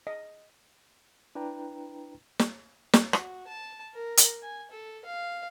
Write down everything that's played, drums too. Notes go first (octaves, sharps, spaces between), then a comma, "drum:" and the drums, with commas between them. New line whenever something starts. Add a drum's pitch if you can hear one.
D#5
D4 E4 B4 G5 A#5
drum: snare
drum: snare
F#4, drum: rim click
A5
A#4
drum: hi-hat
G#5
A4
F5